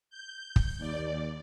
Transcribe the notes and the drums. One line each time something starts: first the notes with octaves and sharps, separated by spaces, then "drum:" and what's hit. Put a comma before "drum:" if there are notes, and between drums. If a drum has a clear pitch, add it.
G6
drum: kick
D#2 D5